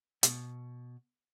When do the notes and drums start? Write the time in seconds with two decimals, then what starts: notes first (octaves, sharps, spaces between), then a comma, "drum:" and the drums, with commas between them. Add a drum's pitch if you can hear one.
0.23 B2, drum: hi-hat